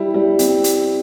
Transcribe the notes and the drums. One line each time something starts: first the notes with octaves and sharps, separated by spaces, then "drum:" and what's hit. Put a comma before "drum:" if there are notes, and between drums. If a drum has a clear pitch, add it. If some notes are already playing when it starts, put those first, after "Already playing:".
Already playing: G3 E4
G3
C4, drum: hi-hat
drum: hi-hat